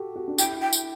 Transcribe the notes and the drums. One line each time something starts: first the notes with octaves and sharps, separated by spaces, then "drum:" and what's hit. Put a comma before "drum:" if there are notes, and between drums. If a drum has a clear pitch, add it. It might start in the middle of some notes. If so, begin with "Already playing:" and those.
Already playing: F#4 G4 A4
F#4
D4
E4 G5, drum: tambourine
G5
drum: tambourine